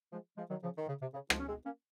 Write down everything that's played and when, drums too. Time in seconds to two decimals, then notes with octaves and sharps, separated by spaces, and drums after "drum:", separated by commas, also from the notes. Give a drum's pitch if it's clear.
0.12 F3 G#3
0.37 F3 G#3
0.49 D#3 F#3
0.63 C#3 F3
0.77 D#3
0.88 C#3
1.01 C3
1.13 C#3
1.30 F3 G#3, drum: rim click
1.39 C#4
1.48 G#3 C4
1.64 A#3 C#4